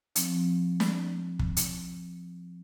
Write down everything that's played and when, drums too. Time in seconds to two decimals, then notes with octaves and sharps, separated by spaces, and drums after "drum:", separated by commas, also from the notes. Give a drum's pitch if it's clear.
0.16 F3 C4, drum: hi-hat
0.80 drum: snare
1.39 drum: kick
1.57 drum: hi-hat